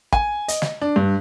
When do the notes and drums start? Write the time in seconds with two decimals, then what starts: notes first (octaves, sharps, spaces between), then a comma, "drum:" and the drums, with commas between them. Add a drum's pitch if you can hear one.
0.13 G#5, drum: kick
0.48 D#5, drum: hi-hat
0.62 drum: snare
0.82 D4
0.96 G2